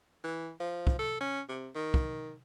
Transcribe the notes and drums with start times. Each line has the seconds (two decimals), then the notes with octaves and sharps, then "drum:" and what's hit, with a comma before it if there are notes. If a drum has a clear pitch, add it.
0.24 E3
0.60 F3
0.87 drum: kick
0.99 A4
1.21 C#4
1.49 C3
1.75 D#3
1.94 drum: kick